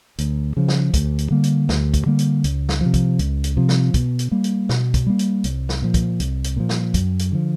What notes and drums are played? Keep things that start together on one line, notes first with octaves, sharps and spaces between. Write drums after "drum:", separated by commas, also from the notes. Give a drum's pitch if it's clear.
D2, drum: hi-hat
C#3 F3
drum: snare
D2, drum: kick, hi-hat
drum: hi-hat
D3 G3 A#3
drum: hi-hat
D2, drum: snare
drum: kick, hi-hat
D3 G3 A#3
drum: hi-hat
C#2, drum: hi-hat
drum: snare
C3 F3
drum: kick, hi-hat
C#2, drum: hi-hat
drum: hi-hat
C3 F3
drum: snare
B2, drum: kick, hi-hat
drum: hi-hat
G3 A#3
drum: hi-hat
B2, drum: snare
drum: kick, hi-hat
G3 A#3
drum: hi-hat
C2, drum: hi-hat
drum: snare
A#2 F3
drum: kick, hi-hat
C2, drum: hi-hat
drum: hi-hat
A#2 F3
drum: snare
F#2, drum: kick, hi-hat
drum: hi-hat
D3 F3